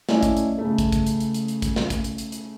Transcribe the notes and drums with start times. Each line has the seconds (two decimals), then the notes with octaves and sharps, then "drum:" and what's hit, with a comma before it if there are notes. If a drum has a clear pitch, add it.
0.09 A3 C#4 E4 D5 D#5, drum: snare
0.23 drum: kick, hi-hat
0.37 drum: hi-hat
0.58 C#3 A3
0.78 drum: kick, hi-hat
0.92 drum: kick, hi-hat
1.06 drum: hi-hat
1.20 drum: hi-hat
1.34 drum: hi-hat
1.48 drum: hi-hat
1.62 drum: kick, hi-hat
1.76 drum: snare
1.90 drum: kick, hi-hat
2.04 drum: hi-hat
2.18 drum: hi-hat
2.32 drum: hi-hat